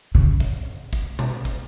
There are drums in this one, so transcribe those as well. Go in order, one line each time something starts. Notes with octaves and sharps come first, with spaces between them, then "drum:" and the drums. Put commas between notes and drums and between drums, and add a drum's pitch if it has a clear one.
C#3
drum: kick, hi-hat
drum: kick, hi-hat
drum: tom B2
drum: kick, hi-hat